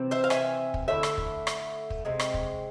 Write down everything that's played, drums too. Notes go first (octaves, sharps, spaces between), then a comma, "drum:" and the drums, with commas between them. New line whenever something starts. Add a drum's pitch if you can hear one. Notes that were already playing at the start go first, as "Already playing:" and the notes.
Already playing: C3 E3 C4
C5 E5
F5
E5 G#5, drum: rim click
drum: kick
D3 A3 E4 C5 E5
drum: rim click
drum: kick
drum: rim click
drum: kick
C3 G#3 C4
drum: rim click
drum: kick